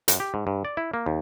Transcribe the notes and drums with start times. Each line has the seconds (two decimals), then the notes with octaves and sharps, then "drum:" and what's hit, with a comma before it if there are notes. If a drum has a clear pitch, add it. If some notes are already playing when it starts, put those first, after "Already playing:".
0.08 F#2, drum: hi-hat
0.20 G4
0.34 G#2
0.47 G2
0.65 D5
0.77 E4
0.94 A#3
1.06 D#2